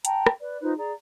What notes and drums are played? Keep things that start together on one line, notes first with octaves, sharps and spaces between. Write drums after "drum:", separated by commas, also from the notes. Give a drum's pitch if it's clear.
G5 A5 A#5, drum: hi-hat
drum: rim click
B4 D5
D#4 F4 B4 C5
G#4 D5 A#5